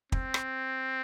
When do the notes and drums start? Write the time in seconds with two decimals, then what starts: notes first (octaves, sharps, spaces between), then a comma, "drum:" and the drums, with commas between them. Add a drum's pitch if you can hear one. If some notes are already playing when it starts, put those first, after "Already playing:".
0.12 C4, drum: kick
0.34 drum: rim click